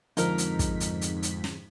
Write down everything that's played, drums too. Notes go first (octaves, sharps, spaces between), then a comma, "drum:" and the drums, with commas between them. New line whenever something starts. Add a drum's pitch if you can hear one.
F2 G#2 D3 F3 D#4 A#4 F6 B6, drum: hi-hat
drum: hi-hat
drum: kick, hi-hat
drum: hi-hat
drum: hi-hat
drum: hi-hat
drum: snare